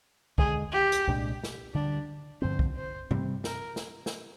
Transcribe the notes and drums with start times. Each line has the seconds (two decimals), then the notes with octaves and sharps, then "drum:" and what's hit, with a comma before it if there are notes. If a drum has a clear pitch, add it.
0.38 D#2 D3 G#3 G#4, drum: kick
0.72 G4
0.92 drum: hi-hat
1.07 C2 A#2 G#3 D4
1.43 drum: snare
1.74 D2 D3 G3 D4
2.42 G2 D3 F3 C4 C5
2.59 drum: kick
2.76 C5
3.11 C3 G3 C4, drum: tom G2
3.44 A#4, drum: snare
3.76 drum: snare
4.06 drum: snare